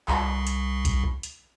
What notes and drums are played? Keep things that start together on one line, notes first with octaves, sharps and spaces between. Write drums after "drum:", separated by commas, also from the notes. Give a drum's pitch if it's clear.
C2, drum: clap
drum: hi-hat
drum: kick B1, hi-hat
drum: hi-hat